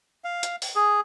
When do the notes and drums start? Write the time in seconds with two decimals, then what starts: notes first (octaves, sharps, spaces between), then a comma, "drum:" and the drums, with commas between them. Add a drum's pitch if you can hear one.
0.24 F5
0.43 drum: hi-hat
0.62 drum: open hi-hat
0.76 G#4